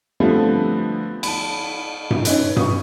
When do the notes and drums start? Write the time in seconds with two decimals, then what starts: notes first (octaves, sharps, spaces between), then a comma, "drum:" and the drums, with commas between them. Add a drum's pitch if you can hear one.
0.20 D3 F3 G3 A3 B3 C4
1.23 A5 B5, drum: cymbal
2.10 drum: tom G2
2.25 C#4 D#4 B4, drum: hi-hat
2.57 C#6 D#6, drum: tom G2